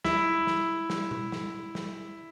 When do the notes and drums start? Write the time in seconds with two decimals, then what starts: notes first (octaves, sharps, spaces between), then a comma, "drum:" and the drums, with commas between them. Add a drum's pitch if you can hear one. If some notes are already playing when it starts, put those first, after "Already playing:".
0.04 E4, drum: snare
0.47 drum: snare
0.90 drum: snare
1.11 drum: tom B2
1.32 drum: snare
1.75 drum: snare